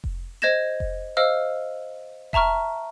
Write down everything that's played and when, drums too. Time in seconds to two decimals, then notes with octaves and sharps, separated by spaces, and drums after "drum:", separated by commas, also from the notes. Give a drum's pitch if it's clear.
0.04 drum: kick F1
0.42 C5 D#5 G6 G#6 A#6 E7
0.80 drum: kick F1
1.17 C5 D#5 F5 E6 F6
2.33 E5 A5 A#5 C#6 F6, drum: kick F1